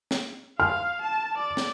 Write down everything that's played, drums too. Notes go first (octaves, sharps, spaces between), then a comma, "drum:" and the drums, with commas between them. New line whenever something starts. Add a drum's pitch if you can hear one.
drum: snare
F5 F6
A5
D5
drum: snare